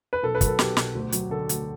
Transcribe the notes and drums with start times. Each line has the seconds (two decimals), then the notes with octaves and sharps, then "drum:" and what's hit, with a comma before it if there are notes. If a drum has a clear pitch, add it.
0.13 B4
0.23 B1 A4
0.35 B4
0.41 F#3, drum: kick, hi-hat
0.47 A4
0.59 B1 G4, drum: snare
0.77 B1, drum: snare
0.95 D2
1.12 F#3, drum: hi-hat
1.30 D3 A4
1.49 D2, drum: hi-hat